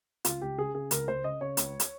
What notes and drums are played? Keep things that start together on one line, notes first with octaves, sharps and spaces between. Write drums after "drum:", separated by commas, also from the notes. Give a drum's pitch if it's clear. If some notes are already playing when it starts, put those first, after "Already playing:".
C#2 F4, drum: hi-hat
C#2 G4
C#3 G#4
C#3 G#4
C#2 A#4, drum: hi-hat
C#2 C5
C#3 D#5
C#3 C#5
C#2, drum: hi-hat
drum: hi-hat